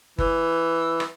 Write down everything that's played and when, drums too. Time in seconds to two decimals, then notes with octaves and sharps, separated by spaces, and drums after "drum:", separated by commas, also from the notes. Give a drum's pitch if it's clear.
0.18 E3, drum: kick G1
1.00 drum: rim click